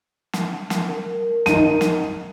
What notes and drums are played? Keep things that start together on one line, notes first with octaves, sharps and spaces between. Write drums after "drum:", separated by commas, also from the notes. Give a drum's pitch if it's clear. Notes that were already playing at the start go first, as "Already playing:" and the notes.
drum: snare
drum: snare
A#4
D#4 D#7, drum: snare
drum: snare